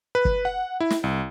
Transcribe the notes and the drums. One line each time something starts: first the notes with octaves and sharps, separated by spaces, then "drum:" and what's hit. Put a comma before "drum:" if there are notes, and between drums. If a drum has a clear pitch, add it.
B4
drum: kick
F#5
E4
drum: snare
C2